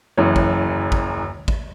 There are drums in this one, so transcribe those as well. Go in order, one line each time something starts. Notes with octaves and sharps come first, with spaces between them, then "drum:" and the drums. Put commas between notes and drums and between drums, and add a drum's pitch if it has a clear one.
F#1 F#2 E3 C#5
drum: kick
drum: kick
drum: kick